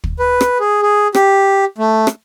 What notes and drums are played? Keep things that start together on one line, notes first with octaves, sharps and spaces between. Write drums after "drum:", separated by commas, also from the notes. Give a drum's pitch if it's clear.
drum: kick
B4
drum: rim click
G#4
G#4
G4, drum: rim click
A3
drum: rim click